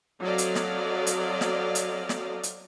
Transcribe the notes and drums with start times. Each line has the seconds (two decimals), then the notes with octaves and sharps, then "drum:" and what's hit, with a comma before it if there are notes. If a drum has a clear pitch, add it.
0.21 F#3 C4 A4 D5 D#5 F5
0.38 drum: hi-hat
0.55 drum: snare
1.07 drum: hi-hat
1.41 drum: snare
1.75 drum: hi-hat
2.09 drum: snare
2.43 drum: hi-hat